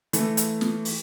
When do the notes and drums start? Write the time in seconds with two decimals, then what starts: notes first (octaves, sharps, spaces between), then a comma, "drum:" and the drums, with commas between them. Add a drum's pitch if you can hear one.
0.13 E3 A3, drum: hi-hat
0.37 drum: hi-hat
0.61 drum: snare
0.85 drum: open hi-hat